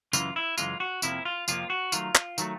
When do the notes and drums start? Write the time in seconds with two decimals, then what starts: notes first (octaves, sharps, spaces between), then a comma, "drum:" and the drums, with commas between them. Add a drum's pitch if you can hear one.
0.13 F#2 C#3 E3 G#3 F4, drum: tambourine
0.36 E4
0.58 F#2 C#3 E3 G#3 F4, drum: tambourine
0.80 F#4
1.02 F2 C3 F3 A#3 E4, drum: tambourine
1.25 F4
1.48 F2 C3 F3 A#3 F4, drum: tambourine
1.70 F#4
1.92 D#3 F#3 A3 F4, drum: tambourine
2.15 drum: clap
2.38 D#3 F#3 A3, drum: tambourine